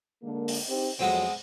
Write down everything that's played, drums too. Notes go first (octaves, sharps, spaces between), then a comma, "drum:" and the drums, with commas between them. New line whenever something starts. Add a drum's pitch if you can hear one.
D3 G#3 A#3
drum: open hi-hat
C4 D#4 G4
F2 F#3 G#3 B3 C4